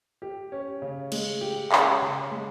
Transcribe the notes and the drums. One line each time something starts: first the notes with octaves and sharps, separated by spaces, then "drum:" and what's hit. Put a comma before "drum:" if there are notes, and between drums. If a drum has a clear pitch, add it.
G4
C#4
C#3
G#3, drum: cymbal
G4
C#4, drum: clap
C#3
G#3